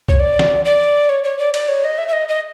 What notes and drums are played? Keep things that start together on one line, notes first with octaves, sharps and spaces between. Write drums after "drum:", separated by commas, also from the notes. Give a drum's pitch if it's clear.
C#5, drum: kick
D5
drum: snare
D5
C#5
C#5
D5
D5, drum: cymbal
C#5
D#5
E5
E5
D#5
D#5